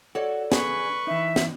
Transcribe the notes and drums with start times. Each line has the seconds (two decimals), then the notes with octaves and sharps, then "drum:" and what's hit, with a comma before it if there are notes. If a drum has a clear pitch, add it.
0.15 F#4 A4 C#5 D5
0.52 D4 G#4 B4 C#6, drum: snare
1.07 E3 D#4 E5
1.36 drum: snare